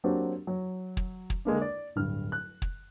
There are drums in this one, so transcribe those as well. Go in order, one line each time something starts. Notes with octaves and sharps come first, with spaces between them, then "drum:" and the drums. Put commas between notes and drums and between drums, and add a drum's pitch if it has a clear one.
F#3 A#3 C4 D4 F#4 G4
F#3
drum: kick
drum: kick
D3 G#3 A#3 D4
D5
D1 G2 F6
F#6
drum: kick